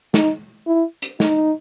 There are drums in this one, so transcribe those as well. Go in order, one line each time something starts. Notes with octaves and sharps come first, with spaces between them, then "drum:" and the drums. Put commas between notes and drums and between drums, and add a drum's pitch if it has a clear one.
D#4, drum: snare
E4
drum: hi-hat
D#4, drum: snare